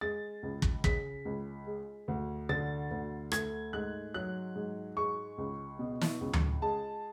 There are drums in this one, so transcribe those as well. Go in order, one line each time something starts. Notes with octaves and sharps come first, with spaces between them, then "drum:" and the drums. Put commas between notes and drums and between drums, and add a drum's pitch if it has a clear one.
G#3 A6
C#2
drum: kick
C#3 B6, drum: kick
C#2
G#3
D2
D3 A6
D2
A3 G#6, drum: rim click
G#2 F#6
F#3 F#6
G#2
G#3 C#6
C#2
B2
drum: snare
C#2
drum: tom D2
G#3 A5